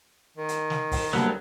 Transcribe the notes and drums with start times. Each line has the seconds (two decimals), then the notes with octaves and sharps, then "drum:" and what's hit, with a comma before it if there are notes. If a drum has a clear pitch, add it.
0.37 D#3
0.49 drum: hi-hat
0.70 drum: snare
0.92 drum: kick, open hi-hat
1.13 D2 F#3 G3 A#3 B3, drum: snare